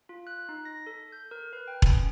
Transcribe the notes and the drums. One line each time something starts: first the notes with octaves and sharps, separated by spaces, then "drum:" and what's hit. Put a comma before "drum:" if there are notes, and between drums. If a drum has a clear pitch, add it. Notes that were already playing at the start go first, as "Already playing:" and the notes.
F4
F#6
D#4
A#6
A4
G6
A#4
B4
G5
drum: kick E1
C#4